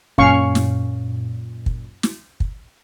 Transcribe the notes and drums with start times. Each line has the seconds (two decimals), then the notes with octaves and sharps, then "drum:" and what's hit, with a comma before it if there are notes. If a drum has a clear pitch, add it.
0.18 F#2 A#2 C#4 F5 C#6, drum: kick
0.55 drum: snare
1.66 drum: kick
2.03 drum: snare
2.40 drum: kick